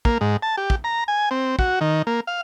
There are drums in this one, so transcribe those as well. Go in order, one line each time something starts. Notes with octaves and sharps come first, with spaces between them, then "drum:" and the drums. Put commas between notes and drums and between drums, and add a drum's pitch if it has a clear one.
A#3, drum: kick
G#2
A5
G4
drum: kick
A#5
G#5
C4
F#4, drum: kick
D#3
A#3
F5